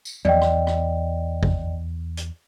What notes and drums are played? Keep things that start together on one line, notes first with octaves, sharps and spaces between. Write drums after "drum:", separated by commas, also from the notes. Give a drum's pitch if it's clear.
drum: tambourine
E2 D5 D#5 G5, drum: tom F3
drum: rim click
drum: rim click
drum: kick
drum: hi-hat